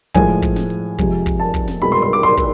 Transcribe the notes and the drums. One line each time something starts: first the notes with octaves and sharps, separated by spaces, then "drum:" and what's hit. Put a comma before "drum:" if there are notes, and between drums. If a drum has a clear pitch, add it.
A2 F3 G#3 G#5, drum: kick
drum: kick, open hi-hat
drum: snare
drum: hi-hat
F2 C3 F3 G#3, drum: kick, hi-hat
drum: kick, open hi-hat
A5
drum: kick, open hi-hat
drum: snare
C2 B2 G#3 B5, drum: hi-hat
C6
C6
D6
C6
drum: kick, open hi-hat